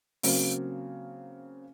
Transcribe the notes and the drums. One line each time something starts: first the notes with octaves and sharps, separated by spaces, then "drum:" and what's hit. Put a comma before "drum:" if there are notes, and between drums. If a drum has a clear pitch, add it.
C#3 F#3 A#3 C4, drum: open hi-hat